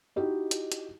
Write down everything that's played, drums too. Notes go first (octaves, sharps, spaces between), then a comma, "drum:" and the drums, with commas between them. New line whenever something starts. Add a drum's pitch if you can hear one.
D#4 E4 F#4 G4 D#5
drum: hi-hat
drum: hi-hat